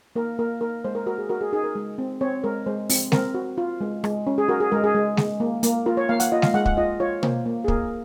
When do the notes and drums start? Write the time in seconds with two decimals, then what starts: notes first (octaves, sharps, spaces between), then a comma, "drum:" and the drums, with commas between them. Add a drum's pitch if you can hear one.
0.16 A#3 A#4
0.39 A#3 A#4
0.61 A#3 A#4
0.84 G#3 C5
0.95 A#4
1.06 F#4 A#4
1.18 G#4
1.29 F#4 A#4
1.41 G#4
1.53 D#4 G#4
1.64 A#4
1.75 G#3
1.98 C4
2.21 C4 C#5
2.44 G#3 A#4
2.66 G#3 C5
2.89 C4, drum: open hi-hat
3.12 C4 A#4, drum: snare G#3
3.34 F#4
3.58 F4
3.81 G#3
4.04 G#3, drum: rim click
4.27 C#4
4.38 G#4
4.48 F#4 A#4
4.60 G#4
4.72 G#3 A#4
4.84 G#4
4.95 G#3
5.17 G#3, drum: snare G#3
5.40 A#3
5.63 A#3, drum: hi-hat
5.86 F4 A#4
5.97 C#5
6.09 A#3 F5
6.20 F#5, drum: hi-hat
6.32 F4 D#5
6.42 F5, drum: snare G#3
6.54 G#3 F#5
6.66 F#5, drum: kick
6.77 F4 D#5
7.00 F4 C#5
7.23 A#3 C5, drum: tom B2
7.46 A#3
7.64 G#4
7.68 A#3 A#4, drum: kick